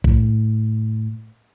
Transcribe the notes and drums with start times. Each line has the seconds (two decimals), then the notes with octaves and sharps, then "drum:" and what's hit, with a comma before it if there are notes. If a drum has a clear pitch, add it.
0.04 A2, drum: kick